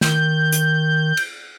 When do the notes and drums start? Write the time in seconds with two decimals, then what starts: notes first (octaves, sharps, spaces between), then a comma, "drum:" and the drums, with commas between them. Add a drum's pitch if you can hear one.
0.01 D#3 G6, drum: snare
0.52 drum: hi-hat
1.17 drum: cymbal